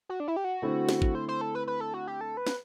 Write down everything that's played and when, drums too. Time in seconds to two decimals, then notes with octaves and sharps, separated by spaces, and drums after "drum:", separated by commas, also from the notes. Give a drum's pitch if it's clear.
0.09 F#4
0.20 D4
0.28 E4
0.36 G4
0.44 F#4
0.62 D3 A3 C4 E4
0.89 drum: snare
1.02 drum: kick
1.15 C5
1.28 C5
1.41 A4
1.55 B4
1.67 B4
1.80 A4
1.94 F#4
2.07 G4
2.21 A4
2.37 B4
2.47 drum: snare